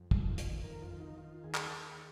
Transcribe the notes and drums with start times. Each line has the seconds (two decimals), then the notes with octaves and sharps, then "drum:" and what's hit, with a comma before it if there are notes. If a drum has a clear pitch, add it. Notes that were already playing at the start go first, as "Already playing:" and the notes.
Already playing: F2
0.11 D#3, drum: kick
0.28 F4
0.38 F2, drum: hi-hat
0.64 D#3 A#4
0.82 F4
0.91 D#3
1.00 D#4
1.18 D#3 F4
1.44 D#2 G#4
1.54 drum: clap
1.71 D#2